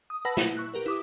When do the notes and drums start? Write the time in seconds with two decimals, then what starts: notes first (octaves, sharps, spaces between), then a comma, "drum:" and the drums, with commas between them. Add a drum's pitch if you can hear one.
0.10 D#6
0.25 B4 F#5 A5 B5 E6 A#6
0.37 E4, drum: snare
0.57 C#6 F#6
0.74 G4 A#4 B4
0.86 E4 D6 D#6